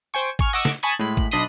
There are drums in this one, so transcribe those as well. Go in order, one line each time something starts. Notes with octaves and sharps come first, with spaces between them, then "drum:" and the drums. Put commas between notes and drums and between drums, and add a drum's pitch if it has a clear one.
C5 G5 G#5 C#6
G#5 C#6 F6, drum: kick G#1
D#5 F#5 C#6 D6 E6 G#6
drum: snare
G#5 A5 B5 C#6 D#6 G#6
A2 G#3 B5
drum: kick G#1
B1 D4 D#5 B5 C6 D#6